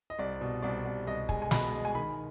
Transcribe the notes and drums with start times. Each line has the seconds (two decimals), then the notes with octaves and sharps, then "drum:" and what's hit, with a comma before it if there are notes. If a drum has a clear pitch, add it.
0.10 D#5
0.18 C2 D5
0.41 B2
0.62 C2 D5
0.85 C2
1.07 C2 D#5
1.29 G#3 G#5, drum: kick
1.42 G#5
1.51 B2 B5, drum: snare
1.74 G#3
1.85 G#5
1.95 D#3 B5